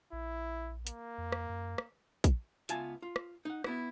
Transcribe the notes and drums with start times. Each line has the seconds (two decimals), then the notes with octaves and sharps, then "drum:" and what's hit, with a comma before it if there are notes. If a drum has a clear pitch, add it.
0.13 A#1 E4
0.87 A#3, drum: hi-hat
1.18 F2
1.32 drum: rim click
1.49 F#2
1.78 drum: rim click
2.24 drum: kick, hi-hat
2.69 C#2 B3 F4 E5 G#5 A5, drum: hi-hat
3.02 F4
3.16 drum: rim click
3.45 D#4 F#5
3.64 B3 E4 F#4, drum: rim click